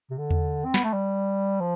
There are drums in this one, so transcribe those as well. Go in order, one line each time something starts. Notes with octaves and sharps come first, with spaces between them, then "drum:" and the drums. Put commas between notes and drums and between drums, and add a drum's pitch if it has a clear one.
C3
D3
drum: tom E2
C4
B3, drum: snare
A3
G3
F3